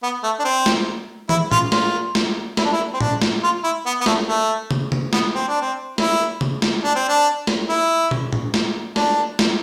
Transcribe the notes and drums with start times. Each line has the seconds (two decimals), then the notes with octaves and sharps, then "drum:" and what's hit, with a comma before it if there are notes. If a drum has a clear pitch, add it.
0.03 B3
0.23 A3
0.39 D4
0.44 C4
0.66 drum: snare
1.29 E4, drum: tom
1.52 F4, drum: tom A2
1.72 F4, drum: snare
2.15 drum: snare
2.57 E4, drum: snare
2.65 D4
2.72 E4
2.93 C4
3.01 D4, drum: tom A2
3.22 drum: snare
3.43 F4
3.64 E4
3.86 B3
4.01 B3
4.06 A3, drum: snare
4.28 A3
4.71 drum: tom
4.92 drum: tom
5.13 B3, drum: snare
5.34 C4
5.48 D4
5.61 C4
5.98 E4, drum: snare
6.41 drum: tom
6.62 drum: snare
6.84 D4
6.95 C4
7.08 D4
7.47 drum: snare
7.69 E4
8.11 drum: tom
8.33 drum: tom A2
8.54 drum: snare
8.96 D4, drum: snare
9.39 drum: snare